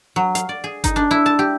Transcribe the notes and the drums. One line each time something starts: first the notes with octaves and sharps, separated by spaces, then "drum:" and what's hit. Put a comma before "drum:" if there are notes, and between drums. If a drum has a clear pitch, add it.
F#3
F5, drum: hi-hat
D5
G#4
D#4, drum: kick G1, hi-hat
D4
E4
A5
G4